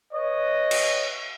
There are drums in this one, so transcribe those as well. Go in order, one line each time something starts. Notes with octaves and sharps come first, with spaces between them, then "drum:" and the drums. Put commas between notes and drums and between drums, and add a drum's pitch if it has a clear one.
B4 C#5 D#5
drum: cymbal